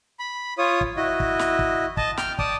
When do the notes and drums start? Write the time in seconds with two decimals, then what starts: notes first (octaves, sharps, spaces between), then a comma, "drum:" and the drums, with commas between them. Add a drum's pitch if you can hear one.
0.19 B5
0.58 F4 C#5 D#6
0.81 drum: kick
0.97 E4 F#4 D#5
1.20 drum: kick
1.39 drum: snare
1.59 drum: kick
1.97 D#5 A5, drum: kick
2.17 G5 F6, drum: snare
2.39 D5 A5 D#6, drum: kick